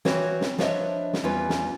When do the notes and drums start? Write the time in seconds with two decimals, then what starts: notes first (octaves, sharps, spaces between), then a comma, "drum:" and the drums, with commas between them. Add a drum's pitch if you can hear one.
0.05 E3 C4 F#4 B4 C#5, drum: snare
0.41 drum: snare
0.58 F3 D4 B4 C#5 D#5 E5, drum: snare
1.13 drum: snare
1.23 E2 G3 C#4 F4 B4
1.49 drum: snare